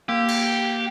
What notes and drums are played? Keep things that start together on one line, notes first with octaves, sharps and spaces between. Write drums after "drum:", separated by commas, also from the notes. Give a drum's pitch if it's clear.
A#3 G4
drum: cymbal